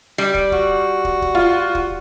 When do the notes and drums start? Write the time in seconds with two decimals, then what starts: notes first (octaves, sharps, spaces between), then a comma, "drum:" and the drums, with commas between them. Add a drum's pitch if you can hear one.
0.18 G3
0.34 drum: kick
0.52 F#4, drum: kick
1.05 drum: kick
1.22 drum: kick
1.35 F4
1.75 drum: kick